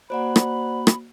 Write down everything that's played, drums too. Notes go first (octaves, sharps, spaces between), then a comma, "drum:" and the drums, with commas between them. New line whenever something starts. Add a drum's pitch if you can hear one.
A#3 F#4 C5 D5 F#5 B5
drum: rim click
drum: rim click